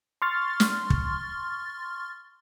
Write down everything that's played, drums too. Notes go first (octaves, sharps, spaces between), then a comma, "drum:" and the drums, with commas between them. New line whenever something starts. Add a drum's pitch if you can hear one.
C6 C#6 F6 A6
drum: snare
drum: kick